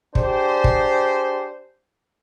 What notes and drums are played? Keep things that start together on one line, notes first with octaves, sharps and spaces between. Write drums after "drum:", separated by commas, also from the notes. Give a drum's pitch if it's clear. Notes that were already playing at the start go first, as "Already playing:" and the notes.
D4 G4 G#4 C5, drum: kick
drum: kick